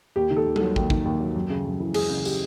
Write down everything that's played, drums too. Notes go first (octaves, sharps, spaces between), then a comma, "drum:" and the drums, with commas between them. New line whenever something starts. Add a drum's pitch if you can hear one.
D#2 G4
D#3
A4
D#2
F#3 A4, drum: tom G3
D#2, drum: kick
D#3, drum: kick
D#2
F#3
F#2
C#3
F#2
E3
F#2 G#4, drum: cymbal
C#3
G4, drum: tambourine